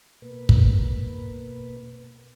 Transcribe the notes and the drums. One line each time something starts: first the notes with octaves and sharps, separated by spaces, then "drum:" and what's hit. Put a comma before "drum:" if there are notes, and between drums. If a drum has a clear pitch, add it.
B2 A#3 B4
drum: kick